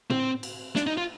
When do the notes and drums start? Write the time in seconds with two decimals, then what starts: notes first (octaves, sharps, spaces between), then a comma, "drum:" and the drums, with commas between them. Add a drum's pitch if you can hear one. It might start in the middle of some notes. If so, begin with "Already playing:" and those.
0.10 C4, drum: tom
0.43 drum: cymbal
0.76 D4, drum: snare
0.87 D#4
0.97 F4